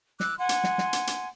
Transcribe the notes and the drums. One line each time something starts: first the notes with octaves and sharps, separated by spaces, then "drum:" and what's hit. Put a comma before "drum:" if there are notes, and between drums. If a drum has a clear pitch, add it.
D6 E6 F#6, drum: snare
F#5 G#5 C6
drum: hi-hat
drum: snare
drum: snare
drum: hi-hat
drum: hi-hat